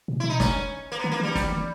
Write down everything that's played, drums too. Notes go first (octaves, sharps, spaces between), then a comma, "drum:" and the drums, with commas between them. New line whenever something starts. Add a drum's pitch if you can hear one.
B2
B2 E4
D#4
C#4, drum: snare
A#3
B3
D#3
A#3
E3
G3
E3, drum: snare
D#3